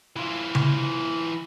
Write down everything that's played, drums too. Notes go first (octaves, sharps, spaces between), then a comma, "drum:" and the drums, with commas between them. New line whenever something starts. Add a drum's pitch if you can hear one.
E3 F4
drum: tom C#3